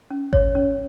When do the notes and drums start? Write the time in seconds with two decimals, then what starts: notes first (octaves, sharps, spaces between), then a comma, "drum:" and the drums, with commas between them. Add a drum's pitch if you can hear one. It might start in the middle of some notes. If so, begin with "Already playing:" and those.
0.11 C#4
0.33 C#5, drum: kick G#1
0.55 C#4